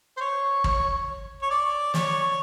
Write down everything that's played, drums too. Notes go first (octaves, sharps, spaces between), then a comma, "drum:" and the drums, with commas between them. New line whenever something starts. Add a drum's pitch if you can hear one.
C5
C#5
C#5, drum: kick
C#5
D5
C#5, drum: snare